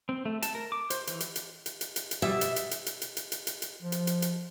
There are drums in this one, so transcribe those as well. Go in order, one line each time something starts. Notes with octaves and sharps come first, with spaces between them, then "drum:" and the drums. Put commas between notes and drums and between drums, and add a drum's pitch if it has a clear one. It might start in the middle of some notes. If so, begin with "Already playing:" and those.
C4
A3
A5, drum: hi-hat
A#4
D6
C5, drum: hi-hat
E3, drum: hi-hat
drum: hi-hat
drum: hi-hat
drum: hi-hat
drum: hi-hat
drum: hi-hat
drum: hi-hat
B2 G3 E5
drum: hi-hat
drum: hi-hat
drum: hi-hat
drum: hi-hat
drum: hi-hat
drum: hi-hat
drum: hi-hat
drum: hi-hat
drum: hi-hat
F3
drum: hi-hat
drum: hi-hat
drum: hi-hat